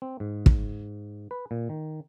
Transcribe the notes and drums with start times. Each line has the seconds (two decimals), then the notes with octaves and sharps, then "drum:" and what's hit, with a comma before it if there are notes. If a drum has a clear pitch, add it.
0.02 C4
0.20 G#2
0.46 drum: kick
1.31 B4
1.51 A#2
1.69 D#3